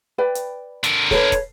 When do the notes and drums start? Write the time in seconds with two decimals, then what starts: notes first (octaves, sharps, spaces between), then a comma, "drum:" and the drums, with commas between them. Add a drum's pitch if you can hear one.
0.18 B4 D5 G5
0.35 drum: hi-hat
0.84 D3 A#4, drum: hi-hat
1.11 A4 B4 C#5, drum: snare
1.32 drum: kick, hi-hat